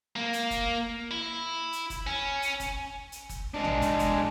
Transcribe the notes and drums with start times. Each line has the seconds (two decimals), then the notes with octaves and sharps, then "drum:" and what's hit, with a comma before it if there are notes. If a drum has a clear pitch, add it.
0.16 A#3
0.33 drum: hi-hat
0.51 drum: kick, hi-hat
1.11 E4
1.73 drum: hi-hat
1.90 drum: kick, hi-hat
2.07 C#4
2.42 drum: hi-hat
2.60 drum: kick, hi-hat
3.12 drum: hi-hat
3.29 drum: kick, hi-hat
3.54 G#3 D4
3.64 drum: tom
3.82 drum: hi-hat
3.99 drum: kick, hi-hat